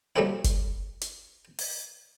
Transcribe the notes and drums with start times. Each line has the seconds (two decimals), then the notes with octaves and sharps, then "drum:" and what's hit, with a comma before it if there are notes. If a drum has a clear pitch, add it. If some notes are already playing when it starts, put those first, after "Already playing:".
0.16 F#3 G3 A3 A#3 C4 E4
0.44 drum: kick F#1, hi-hat
1.01 drum: hi-hat
1.59 drum: open hi-hat